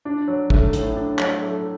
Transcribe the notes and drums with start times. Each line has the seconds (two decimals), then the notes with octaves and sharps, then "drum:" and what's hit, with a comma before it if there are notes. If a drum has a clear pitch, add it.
0.05 D4
0.28 F#3
0.50 A3, drum: kick
0.73 A2, drum: hi-hat
0.96 D4
1.19 F#3, drum: clap
1.42 A3